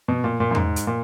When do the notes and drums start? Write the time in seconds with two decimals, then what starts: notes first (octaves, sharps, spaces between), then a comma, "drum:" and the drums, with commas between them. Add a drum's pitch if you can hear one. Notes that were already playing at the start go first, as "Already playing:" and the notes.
0.08 B2
0.24 A#2
0.40 A#2
0.51 F#2
0.55 G#2, drum: tom E2
0.76 drum: hi-hat
0.87 A#2